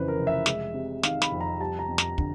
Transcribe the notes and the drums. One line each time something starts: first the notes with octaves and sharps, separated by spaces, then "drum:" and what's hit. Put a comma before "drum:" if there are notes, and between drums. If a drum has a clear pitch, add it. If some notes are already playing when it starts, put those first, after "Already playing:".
Already playing: F2 C#3 E3 B4 C5
A#4
F1
E5
G#3, drum: snare
C3
D#3 F5, drum: snare
B5, drum: snare
F2
A#5
G3 A5
A#5
F2
A#5, drum: snare
D3, drum: kick